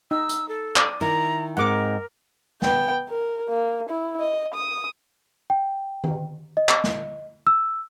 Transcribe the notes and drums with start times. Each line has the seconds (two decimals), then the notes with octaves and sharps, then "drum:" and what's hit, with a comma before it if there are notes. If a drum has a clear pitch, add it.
0.11 D#4 E6
0.29 drum: hi-hat
0.49 A4
0.76 D5 D#6, drum: clap
1.01 D#3 E4 A#5
1.57 G#2 G#3 C4 A#4 F#5 D6
2.62 B3 G5, drum: snare
3.09 A#4
3.49 A#3
3.89 E4
4.20 D#5
4.54 D#6
5.50 G5
6.04 drum: tom D#3
6.57 D#5
6.69 drum: clap
6.84 drum: snare
7.47 E6